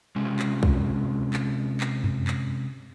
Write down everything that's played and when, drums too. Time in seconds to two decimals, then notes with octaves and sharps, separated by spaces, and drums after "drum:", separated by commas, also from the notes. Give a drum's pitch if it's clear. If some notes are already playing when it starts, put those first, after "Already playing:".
0.16 C3 G#3 C#4
0.39 drum: clap
0.63 drum: kick
1.33 drum: clap
1.80 drum: clap
2.04 drum: tom F2
2.27 drum: clap